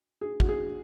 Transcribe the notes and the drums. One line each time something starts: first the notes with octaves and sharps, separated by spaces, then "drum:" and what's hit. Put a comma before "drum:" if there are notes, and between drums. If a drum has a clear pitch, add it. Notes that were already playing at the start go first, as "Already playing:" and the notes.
G#4
F#4, drum: kick
G#4